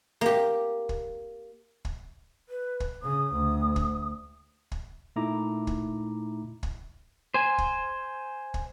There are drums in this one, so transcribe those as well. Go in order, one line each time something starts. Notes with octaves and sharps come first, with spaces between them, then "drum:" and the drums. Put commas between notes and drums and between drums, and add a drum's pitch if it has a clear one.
A#3 G4
drum: kick
drum: kick
B4
drum: kick
C#3 D#6
D2
drum: kick
drum: kick
A#2 A3 D#4 E4 A#5 D6
drum: kick
drum: kick
C5 G#5
drum: kick
drum: kick